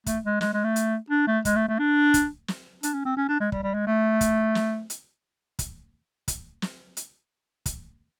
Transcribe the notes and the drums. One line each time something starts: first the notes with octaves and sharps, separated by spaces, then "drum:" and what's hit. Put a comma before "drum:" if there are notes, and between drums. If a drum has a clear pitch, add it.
A3, drum: kick, hi-hat
G#3
G#3, drum: snare
G#3
A3
drum: hi-hat
D4
A3
G#3, drum: kick, hi-hat
A3
A3
D4
drum: kick, hi-hat
drum: snare
D4, drum: hi-hat
C#4
C4
C#4
D4
G#3
G3, drum: kick
G3
G#3
A3
drum: kick, hi-hat
drum: snare
drum: hi-hat
drum: kick, hi-hat
drum: kick, hi-hat
drum: snare
drum: hi-hat
drum: kick, hi-hat